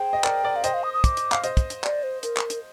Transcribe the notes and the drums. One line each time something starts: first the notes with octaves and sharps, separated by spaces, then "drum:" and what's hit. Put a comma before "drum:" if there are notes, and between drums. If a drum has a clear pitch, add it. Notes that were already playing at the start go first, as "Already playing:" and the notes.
Already playing: G#4 C5 G5
D#5
A#4 D5, drum: clap
A#4 D5
F5
C5 D#5 G5, drum: hi-hat
F5
D#6
D#6
D6, drum: kick, hi-hat
drum: hi-hat
F5, drum: clap
C5 D#5, drum: hi-hat
drum: kick, hi-hat
drum: hi-hat
D5, drum: clap
C5
A#4, drum: hi-hat
drum: clap
drum: hi-hat